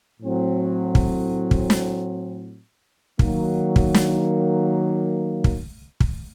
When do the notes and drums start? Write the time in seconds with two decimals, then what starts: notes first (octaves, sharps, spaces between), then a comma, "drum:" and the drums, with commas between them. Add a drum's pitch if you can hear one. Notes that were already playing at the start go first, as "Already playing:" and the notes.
0.20 A2 F#3 C4
0.95 drum: kick
1.51 drum: kick
1.70 drum: snare
3.19 D#3 F#3 A#3, drum: kick
3.76 drum: kick
3.94 drum: snare
5.44 drum: kick
6.00 drum: kick